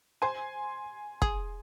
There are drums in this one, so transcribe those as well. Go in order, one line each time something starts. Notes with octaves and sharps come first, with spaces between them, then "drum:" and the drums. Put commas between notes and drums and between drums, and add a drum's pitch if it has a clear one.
C5 G#5 C6
G#4, drum: kick